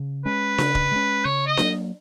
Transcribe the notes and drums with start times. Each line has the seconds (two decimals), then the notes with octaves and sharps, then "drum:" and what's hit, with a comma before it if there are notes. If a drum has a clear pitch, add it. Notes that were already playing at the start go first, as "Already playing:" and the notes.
Already playing: C#3
0.25 G#3 C#4 B4
0.58 C#3, drum: snare D4
0.75 drum: kick D#1
0.92 G#3 C#4
1.25 C#3 C#5
1.47 D#5
1.57 F#3 A#3, drum: snare D4